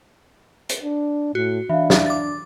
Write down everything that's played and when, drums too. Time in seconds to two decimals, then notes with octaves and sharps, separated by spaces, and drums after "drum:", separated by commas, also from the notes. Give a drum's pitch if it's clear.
0.69 drum: hi-hat
0.84 D4
1.35 A2 F#4
1.69 E3 D4 E5 F5
1.90 drum: snare
2.06 D6 A6